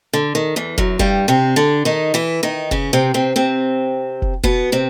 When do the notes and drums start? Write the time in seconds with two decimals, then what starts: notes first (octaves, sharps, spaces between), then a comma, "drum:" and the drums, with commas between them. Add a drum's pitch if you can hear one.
0.13 D3
0.35 D#3
0.56 E2 E3
0.78 F#2 F#3, drum: kick
0.99 G2 G3, drum: kick
1.28 C3 C4
1.56 D3 D4
1.85 D#3 D#4
2.14 E3 E4
2.43 D#3 D#4
2.71 C#3 C#4, drum: kick
2.93 C3 C4
3.14 C3 C4
3.36 C3 C4
4.22 drum: kick
4.44 B2 B3, drum: kick
4.72 C3 C4